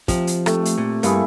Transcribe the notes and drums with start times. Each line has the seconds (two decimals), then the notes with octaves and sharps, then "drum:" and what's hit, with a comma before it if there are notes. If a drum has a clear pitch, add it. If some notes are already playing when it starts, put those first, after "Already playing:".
0.08 C3 F3, drum: kick, hi-hat
0.27 drum: hi-hat
0.46 C3 A3, drum: rim click
0.65 drum: hi-hat
0.78 A#2
1.03 G2 A#3 E4 G#4, drum: hi-hat